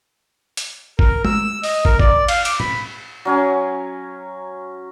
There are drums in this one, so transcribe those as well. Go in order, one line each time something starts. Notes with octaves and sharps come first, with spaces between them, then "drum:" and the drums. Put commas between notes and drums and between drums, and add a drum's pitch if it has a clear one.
drum: hi-hat
A#4, drum: kick
E6, drum: tom
D#5, drum: open hi-hat
A#4, drum: kick
D5, drum: kick
F5, drum: cymbal
D6, drum: hi-hat
B5, drum: tom
F#3 C#4 G#5